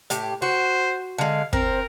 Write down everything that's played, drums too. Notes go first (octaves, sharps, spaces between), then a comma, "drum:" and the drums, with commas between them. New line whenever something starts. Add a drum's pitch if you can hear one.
A2 G4, drum: hi-hat
F#4 C5
D3 G#3 F5
C4 A#4, drum: kick